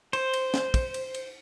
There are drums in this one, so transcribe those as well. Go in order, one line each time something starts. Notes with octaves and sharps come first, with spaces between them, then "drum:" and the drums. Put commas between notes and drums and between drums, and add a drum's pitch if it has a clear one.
C5, drum: cymbal
drum: cymbal
drum: snare
drum: kick, cymbal
drum: cymbal
drum: cymbal